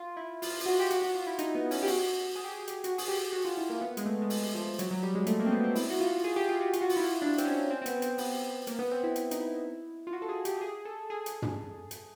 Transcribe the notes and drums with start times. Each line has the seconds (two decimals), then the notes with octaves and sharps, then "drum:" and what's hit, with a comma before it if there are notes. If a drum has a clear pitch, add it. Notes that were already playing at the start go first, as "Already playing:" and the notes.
Already playing: F4
0.17 E4
0.42 F4, drum: open hi-hat
0.60 F4, drum: open hi-hat
0.66 F#4
0.80 G4
0.91 F#4, drum: hi-hat
1.02 F#4
1.14 F4
1.27 E4
1.39 D#4, drum: hi-hat
1.55 B3
1.71 C#4, drum: open hi-hat
1.83 G4
1.87 F#4, drum: open hi-hat
2.36 G#4
2.44 G4
2.52 G#4
2.68 G4, drum: hi-hat
2.84 F#4, drum: hi-hat
2.98 G#4, drum: open hi-hat
3.08 G4
3.33 F#4
3.45 F4
3.57 E4
3.70 A#3
3.81 B3
3.97 G#3, drum: hi-hat
4.06 A3
4.22 G#3
4.30 A3, drum: open hi-hat
4.54 F3
4.79 F#3, drum: hi-hat
4.91 F#3
5.03 G3
5.15 G#3
5.27 A3, drum: hi-hat
5.40 A#3
5.46 C4
5.51 B3
5.64 C4
5.75 E4, drum: open hi-hat
5.90 F#4
6.00 F4
6.24 G#4
6.36 G4
6.49 F4
6.60 F#4
6.73 F4, drum: hi-hat
6.81 F#4
6.89 F4, drum: open hi-hat
6.97 E4
7.22 D4
7.38 C4, drum: hi-hat
7.45 C#4
7.71 C4
7.82 C4
7.86 B3, drum: hi-hat
8.02 C4, drum: hi-hat
8.18 B3, drum: open hi-hat
8.67 A#3, drum: hi-hat
8.79 B3
8.91 C4
9.04 E4
9.16 drum: hi-hat
9.31 D#4, drum: hi-hat
9.40 E4
10.07 F4
10.13 F#4
10.22 A4
10.29 G#4
10.45 G4, drum: hi-hat
10.57 G4
10.61 G#4
10.85 A4
11.10 G#4
11.26 drum: hi-hat
11.42 drum: tom
11.91 drum: hi-hat